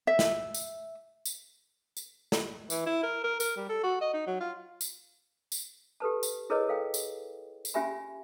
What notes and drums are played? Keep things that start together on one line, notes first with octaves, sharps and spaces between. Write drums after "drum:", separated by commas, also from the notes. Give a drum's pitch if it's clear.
E5
drum: snare
drum: tambourine
drum: tambourine
drum: tambourine
drum: snare
E3, drum: tambourine
E4
A#4
A#4
A#4, drum: tambourine
G3
A4
F#4
D#5
D#4
F#3
F4
drum: tambourine
drum: tambourine
G4 A4 B4 A5
drum: tambourine
E4 G#4 A#4 B4 C#5 D#5
A4 F5 G5
drum: tambourine
drum: tambourine
C#4 F4 G4 E5 G#5 B5